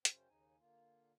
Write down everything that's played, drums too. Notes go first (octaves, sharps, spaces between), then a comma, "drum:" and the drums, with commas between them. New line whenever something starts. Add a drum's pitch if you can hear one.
F#2 C#3 C#4 C5 G5, drum: hi-hat
D#2 C#3 D#4 G#5
A#2 D3 A#3 F4